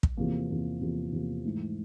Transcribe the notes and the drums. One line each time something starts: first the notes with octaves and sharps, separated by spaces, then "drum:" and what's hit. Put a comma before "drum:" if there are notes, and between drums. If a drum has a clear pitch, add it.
drum: kick
E2 C3 F3 A#3
E2 C3 F3 A#3
E2 C3 F3 A#3
E2 C3 F3 A#3
G#2 E3 A3